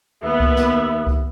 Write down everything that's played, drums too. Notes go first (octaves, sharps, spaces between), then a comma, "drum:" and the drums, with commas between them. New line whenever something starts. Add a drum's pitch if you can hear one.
D#2 B3 E5
drum: kick C2
drum: snare
drum: kick C2